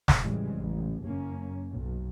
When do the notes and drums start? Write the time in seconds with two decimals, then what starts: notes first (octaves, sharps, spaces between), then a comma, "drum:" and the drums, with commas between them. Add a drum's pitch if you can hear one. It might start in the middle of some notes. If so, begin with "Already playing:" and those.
0.08 drum: snare
0.19 A1 F2 C#3 E3 G3 G#3
0.53 A1
1.04 F#1 F#2 A#3 C#4
1.67 B1